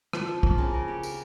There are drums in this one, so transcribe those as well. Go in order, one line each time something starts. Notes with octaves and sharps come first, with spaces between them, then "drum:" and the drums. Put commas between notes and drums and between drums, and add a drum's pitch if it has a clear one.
F3, drum: rim click
F4
A#3, drum: kick
C#3
A#4
G4
A#4, drum: tambourine